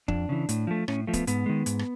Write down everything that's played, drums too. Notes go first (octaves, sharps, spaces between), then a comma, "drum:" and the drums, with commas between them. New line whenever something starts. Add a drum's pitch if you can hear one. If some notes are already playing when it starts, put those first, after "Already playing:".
F2 D4, drum: kick D1
C#3 E3
A2, drum: hi-hat
F3 A3
A2 C#4, drum: rim click
F3 A3
B3, drum: kick D1, hi-hat
G#2 B3, drum: hi-hat
D#3 G#3
G#2, drum: hi-hat
drum: rim click